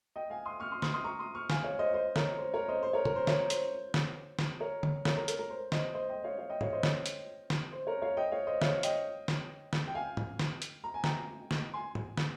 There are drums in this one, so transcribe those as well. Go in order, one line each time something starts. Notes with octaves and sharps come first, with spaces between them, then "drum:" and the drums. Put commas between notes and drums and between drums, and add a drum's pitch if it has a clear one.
D#5 G5
F5 G#5
C6 D#6
C#6 F6
C6 D#6
C6 D#6, drum: snare
C6 D#6
A#5 C#6
C6 D#6
C#6 F6
F5 G#5, drum: snare
C#5 F5
C5 D#5
C5 D#5
A#4 C#5, drum: snare
C5
A#4 C#5
C5 D#5
C5
A#4 C#5
A#4, drum: tom B2
C5
A#4 C#5, drum: snare
C5, drum: hi-hat
drum: snare
drum: snare
A#4 C#5
drum: tom
A#4 C#5, drum: snare
A#4
A#4, drum: hi-hat
A#4
C5
C5 D#5, drum: snare
C5 D#5
D#5 G5
C#5 F5
C#5 F5
D#5 G5
C#5 F5, drum: tom
C5 D#5
drum: snare
drum: hi-hat
drum: snare
C5
A#4 C#5
C#5 F5
D#5 G5
C#5 F5
C5 D#5
C#5 F5, drum: snare
D#5 G5, drum: hi-hat
drum: snare
drum: snare
G5
F5 G#5
drum: tom
drum: snare
drum: hi-hat
A#5
G#5
G5 A#5, drum: snare
drum: snare
G#5 C6
drum: tom
drum: snare